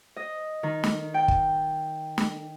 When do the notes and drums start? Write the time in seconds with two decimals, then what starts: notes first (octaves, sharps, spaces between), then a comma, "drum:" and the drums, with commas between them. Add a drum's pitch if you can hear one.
0.16 D#5
0.63 D#3
0.84 drum: snare
1.14 G5
1.28 drum: kick
2.18 drum: snare